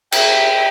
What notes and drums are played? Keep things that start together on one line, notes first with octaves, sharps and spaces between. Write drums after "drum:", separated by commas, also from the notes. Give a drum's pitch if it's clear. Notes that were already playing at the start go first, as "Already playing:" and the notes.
E5 G5, drum: cymbal